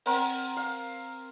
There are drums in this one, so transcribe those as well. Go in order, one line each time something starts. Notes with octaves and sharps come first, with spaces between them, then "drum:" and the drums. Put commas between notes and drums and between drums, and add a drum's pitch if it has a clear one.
C4 A#4 F#5, drum: open hi-hat
F5